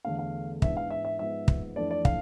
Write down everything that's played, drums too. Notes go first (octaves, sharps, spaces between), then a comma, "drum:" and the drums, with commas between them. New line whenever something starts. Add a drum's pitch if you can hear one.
E2 D3 A3 D4 F5
F5
G#2 E3 B3 D4 E5, drum: kick
F5
E5
E5
G#2 F3 B3 E5
drum: kick
F2 E3 A3 D4 D5
D5
F5, drum: kick